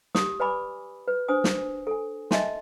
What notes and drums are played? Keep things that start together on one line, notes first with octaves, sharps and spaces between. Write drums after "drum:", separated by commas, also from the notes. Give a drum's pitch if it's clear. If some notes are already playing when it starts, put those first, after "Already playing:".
G4 D#6, drum: snare
B4 D5 G#5 B5 D6
B4
D4 C5 G#5 D#6
drum: snare
A4 G#5
D#5 E5 G#5 A5 C6, drum: snare